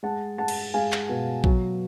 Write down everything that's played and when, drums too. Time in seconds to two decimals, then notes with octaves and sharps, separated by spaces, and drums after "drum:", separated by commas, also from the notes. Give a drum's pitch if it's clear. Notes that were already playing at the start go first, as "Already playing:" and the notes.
0.03 G#3 F#5 A5
0.38 G#3 F#5 A5
0.48 drum: cymbal
0.74 G#3 F5 G#5
0.92 drum: clap
1.09 B2
1.44 F#3, drum: kick A#1